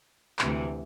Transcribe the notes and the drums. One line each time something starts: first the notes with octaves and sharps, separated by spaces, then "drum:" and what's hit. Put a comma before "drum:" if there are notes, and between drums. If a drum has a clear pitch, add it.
D2 C3 E3, drum: clap